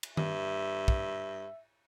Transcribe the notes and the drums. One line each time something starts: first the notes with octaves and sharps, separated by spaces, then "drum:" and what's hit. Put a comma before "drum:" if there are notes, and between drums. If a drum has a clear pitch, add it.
drum: cymbal
G2 E5, drum: tom D#3
drum: kick